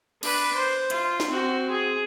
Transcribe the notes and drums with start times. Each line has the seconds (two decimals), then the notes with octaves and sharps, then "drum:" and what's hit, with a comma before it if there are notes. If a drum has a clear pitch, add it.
0.23 D4 B4, drum: cymbal
0.55 C5
0.90 F4, drum: hi-hat
1.20 drum: snare
1.30 C4 F#4
1.71 G#4